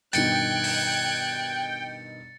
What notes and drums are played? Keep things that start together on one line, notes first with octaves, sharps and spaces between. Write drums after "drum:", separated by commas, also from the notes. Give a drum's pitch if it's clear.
G2 B2 D#3 G5 F#6 G#6 A6 C#7, drum: hi-hat
drum: open hi-hat